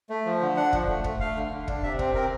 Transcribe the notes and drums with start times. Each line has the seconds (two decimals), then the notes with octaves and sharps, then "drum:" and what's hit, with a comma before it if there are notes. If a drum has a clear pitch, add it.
0.10 A3
0.25 F3
0.41 D3
0.57 D4 F#5
0.73 F3, drum: kick
0.88 A3
1.04 A3, drum: kick
1.20 A3 F5
1.36 D3
1.52 D3
1.68 D4, drum: kick
1.83 C3 E5
1.99 C4, drum: kick
2.15 C4 A#4